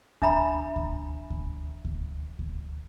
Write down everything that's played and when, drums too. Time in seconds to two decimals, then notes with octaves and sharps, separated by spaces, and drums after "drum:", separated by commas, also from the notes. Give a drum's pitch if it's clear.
0.22 D4 E5 A#5 B5, drum: kick D2
0.76 drum: kick D2
1.30 drum: kick D2
1.85 drum: kick D2
2.39 drum: kick D2